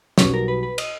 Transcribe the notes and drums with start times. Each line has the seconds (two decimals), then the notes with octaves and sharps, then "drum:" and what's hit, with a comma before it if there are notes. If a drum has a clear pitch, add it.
0.18 B1 B2 G3 B3 C#4 D#4, drum: snare
0.34 A#4
0.48 B4
0.63 B4
0.78 D#5, drum: cymbal